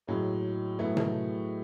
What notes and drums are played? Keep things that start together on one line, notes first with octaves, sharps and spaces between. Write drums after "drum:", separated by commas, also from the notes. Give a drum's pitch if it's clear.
A2 F#3 G#3 A#3
A2 F#3 A3 B3
drum: tom C3